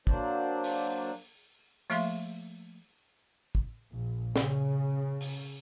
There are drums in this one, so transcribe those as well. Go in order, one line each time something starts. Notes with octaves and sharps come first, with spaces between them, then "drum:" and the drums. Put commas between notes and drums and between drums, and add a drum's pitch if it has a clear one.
F#3 A#3 D4 C5 D5, drum: kick
drum: open hi-hat
F3 A3 A#3 E5 F5 C6, drum: open hi-hat
drum: kick
A#1
C#3, drum: snare
drum: open hi-hat